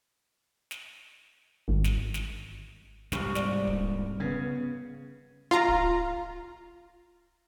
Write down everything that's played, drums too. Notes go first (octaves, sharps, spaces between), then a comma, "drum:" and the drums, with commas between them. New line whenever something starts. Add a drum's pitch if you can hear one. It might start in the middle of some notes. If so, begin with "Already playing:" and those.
drum: snare
G#1
drum: snare
drum: snare
C2 G#2 C3 G3 C#6 F6, drum: snare
D5, drum: snare
drum: kick
C#3 B3 G#6
F4 F5 A#5
drum: kick